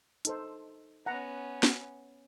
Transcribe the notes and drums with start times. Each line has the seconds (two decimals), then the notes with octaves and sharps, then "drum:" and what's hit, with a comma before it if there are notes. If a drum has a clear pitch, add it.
0.25 D#4 A4 C5, drum: hi-hat
1.06 B3 C#4 F#5 A#5
1.63 drum: snare